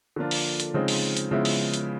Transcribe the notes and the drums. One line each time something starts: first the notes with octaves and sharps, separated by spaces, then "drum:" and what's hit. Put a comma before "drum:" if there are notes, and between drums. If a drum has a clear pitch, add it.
D3 F3 A#3 D4 F4
drum: open hi-hat
drum: hi-hat
C#3 F3 G#3 C4 D#4
drum: open hi-hat
drum: hi-hat
C#3 F3 G#3 B3 E4
drum: open hi-hat
drum: hi-hat